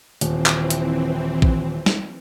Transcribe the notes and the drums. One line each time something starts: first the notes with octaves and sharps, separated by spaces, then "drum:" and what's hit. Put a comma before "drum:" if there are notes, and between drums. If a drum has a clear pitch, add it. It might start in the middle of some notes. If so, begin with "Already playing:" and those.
D#1 E3 C4, drum: hi-hat
drum: clap
drum: hi-hat
drum: kick A#1
drum: snare